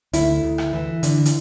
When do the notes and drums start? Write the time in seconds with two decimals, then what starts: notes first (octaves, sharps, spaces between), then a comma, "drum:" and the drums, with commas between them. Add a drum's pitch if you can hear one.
0.13 D2 E4, drum: hi-hat
0.43 D2
0.58 drum: rim click
0.73 E3
1.03 D3, drum: hi-hat
1.25 drum: hi-hat